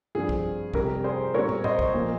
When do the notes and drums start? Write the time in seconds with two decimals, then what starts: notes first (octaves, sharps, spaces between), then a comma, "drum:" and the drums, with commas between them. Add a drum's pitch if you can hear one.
0.15 G2 F3 C4 G#4
0.29 drum: kick
0.74 F2 C3 G3 C#4 G4 A#4, drum: kick
1.04 G#4 C5
1.34 A#2 G3 C4 A#4 C#5
1.49 drum: tom
1.64 C5 D#5, drum: tom
1.79 drum: kick
1.94 A#2 F3 A#3